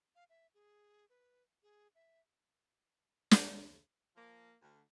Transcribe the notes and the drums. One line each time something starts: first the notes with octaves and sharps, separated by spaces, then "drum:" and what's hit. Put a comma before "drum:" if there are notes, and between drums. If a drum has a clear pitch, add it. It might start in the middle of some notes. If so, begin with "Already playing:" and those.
F5
E5
G#4
B4
G#4
E5
drum: snare
F3 A#3
D2